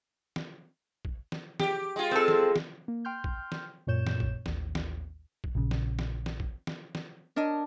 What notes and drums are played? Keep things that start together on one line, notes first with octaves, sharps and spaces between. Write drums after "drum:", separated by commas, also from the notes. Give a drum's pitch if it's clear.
drum: snare
drum: kick A#1
drum: snare
G4, drum: snare
G#3 F4
C4 A4
drum: snare
drum: snare
A#3
G5 C6 F6 G6
drum: kick A#1
drum: snare
F#2 A#2 C#5 G6 E7
drum: snare
drum: kick A#1
A1 D#2, drum: snare
drum: snare
drum: kick A#1
A#1 C#3
drum: snare
drum: snare
drum: snare
drum: kick A#1
drum: snare
drum: snare
D4 A#4 C#5 D#5